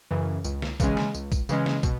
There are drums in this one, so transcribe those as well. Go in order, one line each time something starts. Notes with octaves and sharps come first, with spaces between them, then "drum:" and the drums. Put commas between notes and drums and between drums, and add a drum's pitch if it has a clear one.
F#2 C#3 E3
C#2, drum: tambourine
drum: snare
C#3 E3 G#3 C#4, drum: kick, tambourine
drum: snare
C#2, drum: tambourine
drum: kick, tambourine
C#3 E3 G#3 C#4, drum: tambourine
drum: snare
B2, drum: kick, tambourine